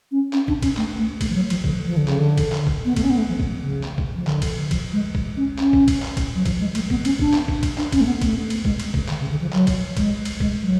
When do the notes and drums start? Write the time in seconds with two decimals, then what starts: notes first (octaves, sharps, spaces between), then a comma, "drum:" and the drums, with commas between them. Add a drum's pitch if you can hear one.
0.12 C#4
0.33 C#4, drum: clap
0.48 D4, drum: kick
0.62 C#4, drum: kick, cymbal
0.77 A3, drum: clap
0.99 A3
1.21 A3, drum: kick, cymbal
1.30 F3
1.35 F#3
1.50 F3, drum: cymbal
1.64 D3, drum: kick
1.86 F3
1.97 D3
2.08 C#3, drum: clap
2.18 D3
2.38 drum: kick, cymbal
2.52 drum: clap
2.67 drum: kick
2.85 B3
2.96 A3, drum: kick, cymbal
3.04 C#4
3.10 B3
3.18 A3
3.29 F3
3.40 drum: kick
3.61 C#3
3.83 drum: clap
3.98 drum: kick
4.16 F3
4.27 D3, drum: clap
4.42 drum: kick, cymbal
4.71 F3, drum: kick, cymbal
4.93 G#3
5.15 drum: kick
5.37 C#4
5.59 C#4, drum: clap
5.73 drum: kick
5.88 drum: kick, cymbal
6.02 drum: clap
6.17 drum: kick, cymbal
6.35 F#3
6.45 F3, drum: kick, cymbal
6.60 G#3
6.75 A3, drum: cymbal
6.90 B3, drum: kick
7.05 C#4, drum: cymbal
7.19 D4, drum: kick
7.34 drum: clap
7.48 drum: kick
7.63 drum: kick, cymbal
7.78 D4, drum: clap
7.92 C#4, drum: kick, cymbal
8.01 A3
8.06 B3
8.22 A3, drum: kick, cymbal
8.50 drum: cymbal
8.65 G#3, drum: kick
8.80 drum: cymbal
8.94 C#3, drum: kick
9.09 D3, drum: clap
9.20 C#3
9.30 D3
9.41 F3
9.53 F#3, drum: clap
9.67 drum: kick, cymbal
9.97 G#3, drum: kick, cymbal
10.25 drum: cymbal
10.40 G#3, drum: kick
10.62 F#3